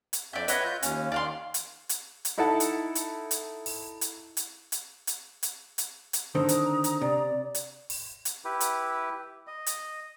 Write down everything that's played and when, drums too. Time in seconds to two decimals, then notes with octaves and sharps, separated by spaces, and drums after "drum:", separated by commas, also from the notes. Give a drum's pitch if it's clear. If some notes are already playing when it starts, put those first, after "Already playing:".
0.13 drum: hi-hat
0.33 F2 D5 E5 G6
0.48 F#4 B4 C#5 D#5 E5, drum: hi-hat
0.65 F4 G6
0.83 D#2 C#4 F5, drum: hi-hat
1.12 D#3 D5 F5 C6
1.54 drum: hi-hat
1.89 drum: hi-hat
2.25 drum: hi-hat
2.38 D#4 E4 A4 F#5 A5
2.60 drum: hi-hat
2.95 drum: hi-hat
3.31 drum: hi-hat
3.66 drum: open hi-hat
4.01 drum: hi-hat
4.37 drum: hi-hat
4.72 drum: hi-hat
5.07 drum: hi-hat
5.43 drum: hi-hat
5.78 drum: hi-hat
6.13 drum: hi-hat
6.35 D3 D#3 C4 D4 C5 A#5 D#6
6.49 drum: hi-hat
6.84 drum: hi-hat
7.01 C3 D5
7.55 drum: hi-hat
7.90 drum: open hi-hat
8.25 drum: hi-hat
8.45 E4 G4 B4
8.60 drum: hi-hat
9.47 D#5
9.66 drum: hi-hat